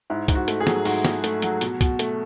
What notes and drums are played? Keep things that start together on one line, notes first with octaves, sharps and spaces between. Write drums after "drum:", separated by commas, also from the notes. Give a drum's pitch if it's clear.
G#2 E4
G#2, drum: kick C2, hi-hat
F#4
A3, drum: hi-hat
G#4
F#3, drum: snare
G#2 F#4, drum: open hi-hat
G#2, drum: snare
A3, drum: hi-hat
F#3, drum: hi-hat
B2, drum: hi-hat
B2, drum: kick C2, hi-hat
A3, drum: hi-hat